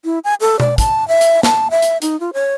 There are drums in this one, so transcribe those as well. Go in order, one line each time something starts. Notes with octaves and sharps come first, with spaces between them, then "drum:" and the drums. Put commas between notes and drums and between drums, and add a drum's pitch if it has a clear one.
E4
G#5
A4
D5, drum: tom B2
A5, drum: kick, hi-hat
E5
drum: hi-hat
A5, drum: snare
E5
drum: hi-hat
D#4, drum: hi-hat
F4
C#5